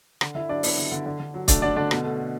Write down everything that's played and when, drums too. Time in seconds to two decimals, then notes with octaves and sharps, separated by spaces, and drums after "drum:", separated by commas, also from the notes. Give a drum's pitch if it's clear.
0.21 D3, drum: rim click
0.35 D3 E4 E5
0.49 F#3 D4 D5
0.63 B3 E4 E5, drum: open hi-hat
0.77 D3
0.92 D3
1.06 D3
1.20 D3
1.34 F#3
1.48 A3 D4 D5, drum: kick C#1, hi-hat
1.62 D3 D4 D5
1.76 D3 D4 D5
1.91 B2, drum: rim click
2.04 A3
2.19 A3